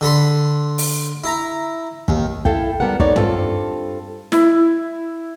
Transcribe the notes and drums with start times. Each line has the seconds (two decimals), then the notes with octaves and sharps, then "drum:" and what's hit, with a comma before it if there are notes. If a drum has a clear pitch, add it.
0.01 D3 A4 B5 C6
0.78 drum: open hi-hat
1.24 E4 A#5
2.08 D#2, drum: kick
2.45 E4 A4 F5 G5, drum: kick
2.80 G3 B3 A4 A#4 F#5
3.00 B3 D#4 C#5 D5, drum: kick
3.16 G2 C4 F4 A4, drum: tom
4.32 E4, drum: snare